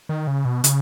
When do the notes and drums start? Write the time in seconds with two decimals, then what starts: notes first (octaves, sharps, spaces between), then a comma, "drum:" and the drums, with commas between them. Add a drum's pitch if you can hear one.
0.09 D#3
0.27 C#3
0.45 B2
0.64 C#3, drum: hi-hat